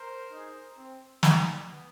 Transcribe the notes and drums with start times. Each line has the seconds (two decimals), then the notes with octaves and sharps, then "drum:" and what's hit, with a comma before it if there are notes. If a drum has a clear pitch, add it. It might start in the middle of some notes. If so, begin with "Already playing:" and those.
Already playing: A#4 C5
0.31 D#4 G#4
0.77 C4
1.23 D#4 G4, drum: snare
1.69 B3